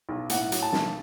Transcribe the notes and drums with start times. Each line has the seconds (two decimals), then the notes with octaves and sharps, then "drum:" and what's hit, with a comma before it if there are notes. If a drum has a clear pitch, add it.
0.09 B1
0.29 A2 F#5, drum: hi-hat
0.52 F#3, drum: hi-hat
0.62 A5
0.73 B1, drum: snare